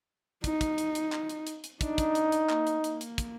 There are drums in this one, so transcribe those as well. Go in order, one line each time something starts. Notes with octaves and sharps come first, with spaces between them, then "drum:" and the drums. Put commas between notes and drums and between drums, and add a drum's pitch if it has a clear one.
D#4, drum: kick, hi-hat
drum: kick, hi-hat
drum: hi-hat
drum: hi-hat
drum: clap
drum: hi-hat
drum: hi-hat
drum: hi-hat
D4 D#4, drum: kick, hi-hat
drum: kick, hi-hat
drum: hi-hat
drum: hi-hat
A#3, drum: clap
drum: hi-hat
A#3, drum: hi-hat
drum: hi-hat
drum: kick, hi-hat